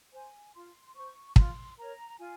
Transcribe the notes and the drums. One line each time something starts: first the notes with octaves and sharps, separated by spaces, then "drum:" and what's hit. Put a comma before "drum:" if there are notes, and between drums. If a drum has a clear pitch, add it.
C5 G#5
F4 C6
C5 C#6
F4 C6, drum: kick
A#4 C#5 A#5
F4 G#5